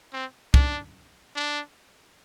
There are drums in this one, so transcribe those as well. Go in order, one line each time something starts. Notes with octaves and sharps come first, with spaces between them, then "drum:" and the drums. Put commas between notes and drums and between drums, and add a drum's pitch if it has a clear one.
C4
D4, drum: kick
D4